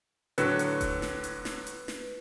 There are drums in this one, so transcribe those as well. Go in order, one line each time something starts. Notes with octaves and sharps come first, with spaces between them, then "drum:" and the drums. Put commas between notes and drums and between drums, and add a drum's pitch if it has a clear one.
A2 D3 F#3 B4, drum: hi-hat
drum: hi-hat
drum: kick D#1, hi-hat
drum: snare
drum: hi-hat
drum: snare
drum: hi-hat
drum: snare